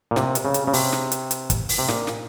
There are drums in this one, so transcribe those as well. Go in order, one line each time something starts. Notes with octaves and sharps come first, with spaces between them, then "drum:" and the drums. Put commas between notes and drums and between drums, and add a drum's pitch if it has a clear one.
A#2
C3, drum: snare
drum: hi-hat
C#3
drum: hi-hat
C#3
C3, drum: open hi-hat
drum: snare
drum: hi-hat
drum: hi-hat
drum: kick, hi-hat
drum: open hi-hat
C3
A#2, drum: snare
drum: snare